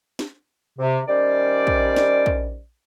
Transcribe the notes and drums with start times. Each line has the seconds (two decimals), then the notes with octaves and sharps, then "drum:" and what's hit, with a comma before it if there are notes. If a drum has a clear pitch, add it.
0.19 drum: snare
0.79 C3
1.08 D#3 G3 C#4 C5 D5
1.67 drum: kick
1.96 drum: snare
2.26 drum: kick